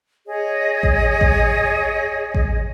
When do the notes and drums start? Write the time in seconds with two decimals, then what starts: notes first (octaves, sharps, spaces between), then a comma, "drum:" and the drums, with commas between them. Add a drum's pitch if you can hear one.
0.27 G#4 C#5 D#5
0.83 drum: kick A1
1.21 drum: kick A1
2.34 drum: kick A1